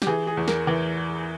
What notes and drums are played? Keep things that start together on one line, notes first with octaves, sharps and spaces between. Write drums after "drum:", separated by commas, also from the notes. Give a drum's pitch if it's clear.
G4, drum: snare
E3 G#4
G#4
E2
A#4, drum: snare
E3